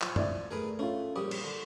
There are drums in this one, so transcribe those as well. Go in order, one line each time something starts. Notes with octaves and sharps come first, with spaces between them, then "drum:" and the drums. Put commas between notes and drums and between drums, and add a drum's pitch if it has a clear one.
F3 C#5 G#5, drum: clap
D5 E5, drum: tom F#2
A3 G#4 A#4 B4
A3 C#4 F4
A#1 G3 G4 D#6
drum: cymbal
D3